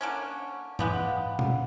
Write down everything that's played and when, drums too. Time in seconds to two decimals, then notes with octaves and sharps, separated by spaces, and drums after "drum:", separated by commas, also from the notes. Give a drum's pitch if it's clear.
0.01 D3 A#3 C#4
0.79 G#3 B3 G4 F5 F#5, drum: tom G#2
1.39 drum: tom